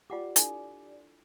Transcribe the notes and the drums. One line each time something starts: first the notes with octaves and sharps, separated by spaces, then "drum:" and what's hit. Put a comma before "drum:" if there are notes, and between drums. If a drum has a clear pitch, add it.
F4 G4 D5 F#5 D6
D4 E4 A4, drum: hi-hat